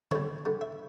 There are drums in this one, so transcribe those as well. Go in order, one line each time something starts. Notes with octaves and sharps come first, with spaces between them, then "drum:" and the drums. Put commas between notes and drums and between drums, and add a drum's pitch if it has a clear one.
D3 G3 C#5, drum: tom D3
D3 G3
E5